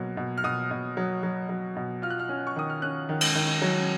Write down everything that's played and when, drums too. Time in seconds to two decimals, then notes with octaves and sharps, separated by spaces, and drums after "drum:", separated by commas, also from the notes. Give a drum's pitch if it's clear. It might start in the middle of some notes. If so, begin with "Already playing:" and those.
Already playing: B2 F#3 A#3
0.17 B2
0.37 F6
0.44 B2 D#6
0.71 B2
0.97 F#3
1.23 F#3
1.49 F#3
1.76 B2
2.02 F4 F6
2.10 F#6
2.19 F6
2.29 C#4
2.47 C#6
2.56 D#3 D#6
2.70 F6
2.82 C#4 F#6
3.09 D#3
3.21 drum: cymbal
3.35 D#3
3.62 F#3